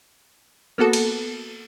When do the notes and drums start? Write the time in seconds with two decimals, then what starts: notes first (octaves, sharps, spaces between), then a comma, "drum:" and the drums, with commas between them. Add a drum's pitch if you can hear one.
0.78 A#3 B3 F#4 A4
0.93 drum: cymbal